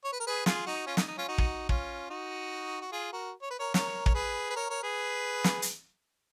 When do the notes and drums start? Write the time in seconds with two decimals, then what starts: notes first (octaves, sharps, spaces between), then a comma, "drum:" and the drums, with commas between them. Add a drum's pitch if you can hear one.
0.04 C#5
0.13 B4
0.20 A#4
0.27 G#4 B4
0.46 F4 G#4, drum: snare
0.66 D#4 F#4
0.86 C#4 F4
0.97 D#4, drum: snare
1.08 D#4
1.17 C#4 F4
1.28 D#4 F#4
1.38 drum: kick
1.69 C#4 F4, drum: kick
2.10 D#4 F#4
2.81 F#4
2.92 F4 G#4
3.13 F#4 A#4
3.42 C#5
3.51 B4
3.59 A#4 C#5
3.74 A#4 C#5, drum: snare
4.06 C#5, drum: kick
4.15 G#4 B4
4.50 B4
4.56 A#4 C#5
4.69 A#4 C#5
4.83 G#4 B4
5.44 drum: snare
5.62 drum: hi-hat